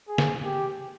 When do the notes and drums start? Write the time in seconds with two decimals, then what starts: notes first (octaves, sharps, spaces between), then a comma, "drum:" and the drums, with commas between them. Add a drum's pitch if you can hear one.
0.08 G#4
0.18 drum: snare
0.44 G4